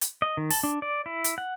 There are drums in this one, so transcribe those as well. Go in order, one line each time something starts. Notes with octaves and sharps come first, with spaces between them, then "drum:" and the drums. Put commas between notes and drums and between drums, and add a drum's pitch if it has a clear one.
drum: hi-hat
D#5
D#3
A5, drum: open hi-hat
D4
D5
E4
drum: hi-hat
F#5